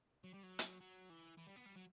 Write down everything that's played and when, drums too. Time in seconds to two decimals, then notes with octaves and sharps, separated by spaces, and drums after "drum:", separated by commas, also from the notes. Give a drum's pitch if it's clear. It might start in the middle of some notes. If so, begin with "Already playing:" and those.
0.24 F#3
0.34 G3
0.43 F#3
0.59 drum: hi-hat
0.81 F#3
1.10 E3
1.38 E3
1.47 G3
1.56 B3
1.66 G3
1.76 F#3